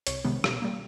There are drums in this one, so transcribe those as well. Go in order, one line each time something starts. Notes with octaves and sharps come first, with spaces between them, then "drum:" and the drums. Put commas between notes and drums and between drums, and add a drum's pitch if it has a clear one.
C2 C#5, drum: hi-hat
C3 D#3 G#3 B3
B2, drum: rim click
G3 A#3